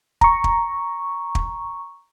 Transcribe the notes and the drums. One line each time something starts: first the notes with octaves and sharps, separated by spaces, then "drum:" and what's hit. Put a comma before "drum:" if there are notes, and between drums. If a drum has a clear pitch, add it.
A#5 C#6, drum: kick
drum: kick
drum: kick